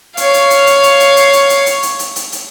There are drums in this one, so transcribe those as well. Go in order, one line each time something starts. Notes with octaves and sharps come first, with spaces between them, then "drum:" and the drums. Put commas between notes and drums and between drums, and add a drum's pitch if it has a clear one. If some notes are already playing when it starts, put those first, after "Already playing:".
C#5 F5, drum: hi-hat
drum: hi-hat
drum: hi-hat
drum: hi-hat
drum: hi-hat
drum: hi-hat
drum: hi-hat
drum: hi-hat
drum: hi-hat
drum: hi-hat
drum: hi-hat
drum: hi-hat
drum: hi-hat
drum: hi-hat